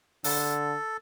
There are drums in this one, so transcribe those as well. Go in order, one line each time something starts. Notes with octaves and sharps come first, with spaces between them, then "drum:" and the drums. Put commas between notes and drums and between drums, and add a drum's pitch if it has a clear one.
D3 A4, drum: open hi-hat